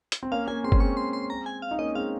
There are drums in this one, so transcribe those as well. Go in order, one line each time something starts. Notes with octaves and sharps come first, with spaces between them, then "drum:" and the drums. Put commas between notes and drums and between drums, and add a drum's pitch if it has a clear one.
drum: hi-hat
C4
A#3 C#4 F5
A#3 C#4 G#5
G#3 C4 C6
C#4, drum: kick
G#3 C4 C#6
C6
C6
A#5
G#5
F5
D#4
A#3 C#4 D#5
G#3 C4 F5